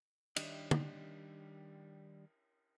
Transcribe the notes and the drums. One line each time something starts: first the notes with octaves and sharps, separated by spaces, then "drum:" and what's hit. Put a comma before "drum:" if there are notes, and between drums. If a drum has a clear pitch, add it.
D#3 G3 D4 D#5, drum: cymbal
drum: tom